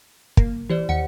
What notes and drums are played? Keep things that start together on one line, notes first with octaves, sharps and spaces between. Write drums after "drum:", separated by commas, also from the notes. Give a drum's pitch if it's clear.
A#3, drum: kick
E3 G4 C5 D5
D#2 F#5 C#7